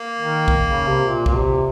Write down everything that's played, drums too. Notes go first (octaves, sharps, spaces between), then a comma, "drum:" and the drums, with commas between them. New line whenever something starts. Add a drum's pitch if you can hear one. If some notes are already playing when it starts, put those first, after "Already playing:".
Already playing: A#3
D#3
drum: kick
C#3
C3
A#2
A#2, drum: kick
C3